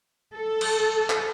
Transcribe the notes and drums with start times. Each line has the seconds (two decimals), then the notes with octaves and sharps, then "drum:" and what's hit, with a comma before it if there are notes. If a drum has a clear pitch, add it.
0.36 A4
0.61 drum: cymbal
1.10 drum: clap